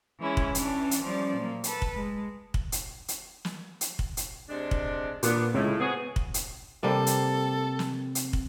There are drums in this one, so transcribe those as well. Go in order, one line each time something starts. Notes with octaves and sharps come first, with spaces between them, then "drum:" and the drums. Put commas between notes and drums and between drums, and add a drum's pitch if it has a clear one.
E3 G#3 C#4 E4
drum: kick
E3 C#4 D4, drum: hi-hat
drum: hi-hat
E3 F3 G3 C#4 D5
A#2 F#3 A#3
A4 B4 A5, drum: hi-hat
drum: kick
G#3
drum: kick
drum: hi-hat
drum: hi-hat
drum: snare
drum: hi-hat
drum: kick
drum: hi-hat
C3 G#3 D4
drum: kick
A#2 B3 D4, drum: hi-hat
C#2 A2
B3 C4 F#4 G#4
drum: kick
drum: hi-hat
C3 G3 A#3 A4
drum: hi-hat
drum: snare
drum: hi-hat
drum: kick